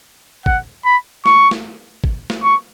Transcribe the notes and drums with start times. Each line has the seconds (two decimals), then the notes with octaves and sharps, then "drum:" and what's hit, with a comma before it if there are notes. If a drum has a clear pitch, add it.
0.46 F#5, drum: kick
0.85 B5
1.26 C#6, drum: snare
1.51 drum: snare
2.04 drum: kick
2.30 drum: snare
2.43 C#6